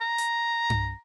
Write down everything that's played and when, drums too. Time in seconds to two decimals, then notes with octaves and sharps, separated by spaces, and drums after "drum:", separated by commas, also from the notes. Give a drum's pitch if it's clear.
0.01 A#5
0.18 drum: hi-hat
0.70 drum: tom G2